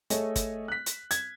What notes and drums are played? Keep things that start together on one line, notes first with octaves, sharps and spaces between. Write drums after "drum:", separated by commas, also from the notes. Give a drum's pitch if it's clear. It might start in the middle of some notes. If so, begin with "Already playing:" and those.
A3 G#4 A4 C#5 D#5, drum: hi-hat
drum: kick, hi-hat
F#6 B6
drum: hi-hat
G#6, drum: hi-hat